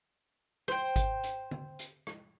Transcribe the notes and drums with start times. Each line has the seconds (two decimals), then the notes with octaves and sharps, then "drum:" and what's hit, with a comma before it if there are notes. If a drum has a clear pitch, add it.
0.68 C5 G5, drum: rim click
0.96 drum: kick G#1, hi-hat
1.24 drum: hi-hat
1.51 drum: tom D3
1.79 drum: hi-hat
2.07 drum: rim click